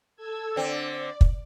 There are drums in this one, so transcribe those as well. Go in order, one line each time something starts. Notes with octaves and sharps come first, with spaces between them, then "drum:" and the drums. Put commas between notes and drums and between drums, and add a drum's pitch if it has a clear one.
A4 E6 G#6
D3 C4 D5
drum: kick